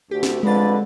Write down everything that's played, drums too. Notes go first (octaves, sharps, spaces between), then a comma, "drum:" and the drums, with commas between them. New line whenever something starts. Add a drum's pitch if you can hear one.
D2 G4
drum: snare
F2 D3 G#3 B4 A6